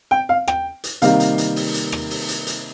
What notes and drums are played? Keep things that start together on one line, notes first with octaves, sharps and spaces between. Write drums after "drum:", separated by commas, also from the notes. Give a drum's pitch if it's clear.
G5
F5
G5, drum: rim click
drum: hi-hat
C3 D#3 G3 A#3 D#4 F5, drum: hi-hat
drum: hi-hat
drum: hi-hat
drum: open hi-hat
drum: hi-hat
drum: rim click
drum: open hi-hat
drum: hi-hat
drum: hi-hat